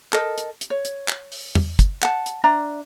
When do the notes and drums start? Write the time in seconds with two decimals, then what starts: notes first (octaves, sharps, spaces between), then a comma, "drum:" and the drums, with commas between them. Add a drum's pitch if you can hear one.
0.13 A4 A#4 D#5, drum: clap
0.38 drum: hi-hat
0.61 drum: hi-hat
0.70 C#5
0.85 drum: hi-hat
1.08 drum: clap
1.32 drum: open hi-hat
1.55 drum: tom E2
1.79 drum: kick, hi-hat
2.02 F#5 A5, drum: clap
2.26 drum: hi-hat
2.44 D4 D5 E5 A#5